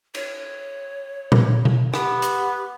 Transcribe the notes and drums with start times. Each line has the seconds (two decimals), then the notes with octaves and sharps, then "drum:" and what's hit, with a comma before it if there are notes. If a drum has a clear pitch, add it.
0.15 C#5, drum: cymbal
1.32 drum: tom A#2
1.65 drum: tom B2
1.94 B3 G4, drum: rim click
2.22 drum: hi-hat